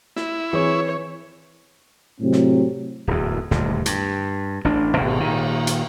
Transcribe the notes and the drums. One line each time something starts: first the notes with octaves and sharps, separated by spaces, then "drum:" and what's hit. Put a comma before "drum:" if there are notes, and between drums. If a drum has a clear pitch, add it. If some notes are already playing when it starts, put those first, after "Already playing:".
E4, drum: snare
E3 C4 G#4 C#5
A2 C3 F#3 C4
drum: snare
D1 E2
D#1 D2 G2, drum: snare
G2, drum: hi-hat
A1 D4
G#1 B2, drum: cymbal
A#2 D#3
drum: hi-hat